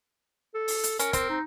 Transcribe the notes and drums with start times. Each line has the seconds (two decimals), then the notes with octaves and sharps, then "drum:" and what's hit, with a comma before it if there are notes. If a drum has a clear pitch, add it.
0.55 A4
0.68 drum: open hi-hat
0.84 drum: hi-hat
0.99 C#4 A#4, drum: hi-hat
1.13 C4, drum: kick, hi-hat
1.30 D#4